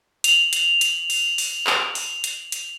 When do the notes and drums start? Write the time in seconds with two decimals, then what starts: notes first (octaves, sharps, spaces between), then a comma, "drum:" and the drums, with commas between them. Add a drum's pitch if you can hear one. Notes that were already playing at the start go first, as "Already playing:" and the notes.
0.24 F7 F#7, drum: hi-hat
0.53 drum: hi-hat
0.81 drum: hi-hat
1.10 drum: open hi-hat
1.38 drum: open hi-hat
1.67 drum: clap
1.95 drum: open hi-hat
2.24 drum: hi-hat
2.52 drum: hi-hat